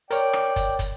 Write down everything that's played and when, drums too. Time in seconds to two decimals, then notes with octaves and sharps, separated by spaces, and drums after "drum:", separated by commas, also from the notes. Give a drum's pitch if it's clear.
0.11 A#4 C#5 D5 G5, drum: hi-hat
0.33 drum: rim click
0.56 drum: kick, hi-hat
0.79 drum: kick, hi-hat